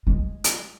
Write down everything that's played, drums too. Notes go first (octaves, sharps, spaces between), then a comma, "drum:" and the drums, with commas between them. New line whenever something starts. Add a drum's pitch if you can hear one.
G#3
drum: hi-hat